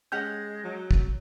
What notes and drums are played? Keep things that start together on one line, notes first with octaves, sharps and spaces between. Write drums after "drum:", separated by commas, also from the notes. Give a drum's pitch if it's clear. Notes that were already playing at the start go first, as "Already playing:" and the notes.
G#3 C#4 G4 F#5 G6
F#3
drum: kick